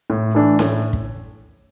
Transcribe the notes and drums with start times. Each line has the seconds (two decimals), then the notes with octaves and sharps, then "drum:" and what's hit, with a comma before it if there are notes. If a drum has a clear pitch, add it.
0.10 A2
0.34 E3 A3 D4
0.59 A2, drum: snare C#4
0.93 drum: kick